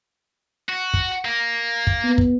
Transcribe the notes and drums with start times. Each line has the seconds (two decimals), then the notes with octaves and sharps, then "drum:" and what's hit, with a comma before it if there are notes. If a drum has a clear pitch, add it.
0.69 F#4
0.94 drum: kick
1.25 A#3
1.87 drum: kick
2.04 B3
2.18 drum: kick